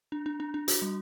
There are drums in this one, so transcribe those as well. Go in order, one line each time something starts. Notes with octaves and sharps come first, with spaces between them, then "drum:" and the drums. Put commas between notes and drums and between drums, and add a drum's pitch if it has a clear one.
D4
D4
D4
D4
F#4, drum: hi-hat
G3